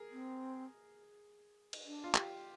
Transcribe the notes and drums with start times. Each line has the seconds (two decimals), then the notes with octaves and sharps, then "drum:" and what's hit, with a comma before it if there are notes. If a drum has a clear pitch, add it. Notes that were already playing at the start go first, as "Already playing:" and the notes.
Already playing: G#4 A#4
0.12 C4
1.73 drum: cymbal
1.86 D4
2.04 F4
2.15 G4, drum: clap